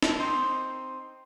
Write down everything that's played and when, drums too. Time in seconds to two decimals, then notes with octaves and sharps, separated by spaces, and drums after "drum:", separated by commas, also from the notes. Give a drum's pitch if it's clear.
0.03 drum: snare
0.19 C4 D#4 C5